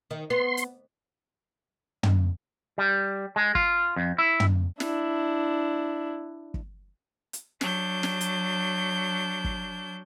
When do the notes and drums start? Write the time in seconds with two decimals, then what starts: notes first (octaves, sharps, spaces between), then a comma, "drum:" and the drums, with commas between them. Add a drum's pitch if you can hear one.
0.11 D#3
0.30 B3 C6
0.57 drum: hi-hat
2.03 drum: tom
2.78 G3
3.36 G#3
3.55 F4, drum: kick
3.96 F2
4.18 E4
4.40 drum: tom
4.80 D4 E4, drum: snare
6.54 drum: kick
7.33 drum: hi-hat
7.61 F#3 D4 G6, drum: snare
8.03 drum: snare
8.21 drum: hi-hat
9.44 drum: kick